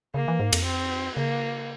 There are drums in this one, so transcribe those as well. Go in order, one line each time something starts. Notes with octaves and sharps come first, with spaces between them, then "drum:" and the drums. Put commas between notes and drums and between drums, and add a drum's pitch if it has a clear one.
C#3 A#3
E3
G#2
F2, drum: cymbal
C4
C#3 A#3